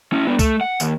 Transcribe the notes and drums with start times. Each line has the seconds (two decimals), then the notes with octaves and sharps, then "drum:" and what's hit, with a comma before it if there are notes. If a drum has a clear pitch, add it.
0.12 C#4 E4
0.27 B3 D4
0.39 A3, drum: kick C2, tambourine
0.61 F#5
0.80 D#2, drum: tambourine